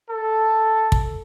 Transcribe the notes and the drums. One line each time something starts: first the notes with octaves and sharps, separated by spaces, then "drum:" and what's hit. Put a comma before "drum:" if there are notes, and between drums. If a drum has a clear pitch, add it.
A4
drum: kick